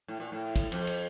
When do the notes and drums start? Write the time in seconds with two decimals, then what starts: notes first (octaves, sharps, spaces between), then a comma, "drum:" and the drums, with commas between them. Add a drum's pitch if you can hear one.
0.08 A2
0.20 A#2
0.32 A2
0.56 drum: kick, cymbal
0.72 F2, drum: cymbal
0.87 drum: cymbal